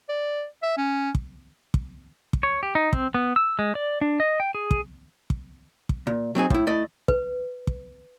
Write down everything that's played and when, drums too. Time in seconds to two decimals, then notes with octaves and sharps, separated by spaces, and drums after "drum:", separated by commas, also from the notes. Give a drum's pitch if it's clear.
0.09 D5
0.63 E5
0.78 C#4
1.15 drum: kick
1.74 drum: kick
2.33 drum: kick
2.43 C#5
2.63 G4
2.75 D#4
2.93 C4, drum: kick
3.14 B3
3.36 E6
3.59 G#3
3.75 D5
4.01 D4
4.20 D#5
4.40 G5
4.55 G#4
4.71 drum: kick
5.30 drum: kick
5.89 drum: kick
6.07 A#2
6.35 F#3 C4 D#4 G#4
6.50 A2 E4, drum: kick
6.67 A3 E4 D5 D#5
7.08 B4, drum: kick
7.67 drum: kick